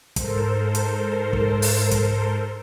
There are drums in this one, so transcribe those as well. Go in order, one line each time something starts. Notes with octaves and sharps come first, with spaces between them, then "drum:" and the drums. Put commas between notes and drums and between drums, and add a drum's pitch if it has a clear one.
G#2 A4 A#4 C5, drum: kick, hi-hat
drum: hi-hat
drum: kick
drum: open hi-hat
drum: kick, hi-hat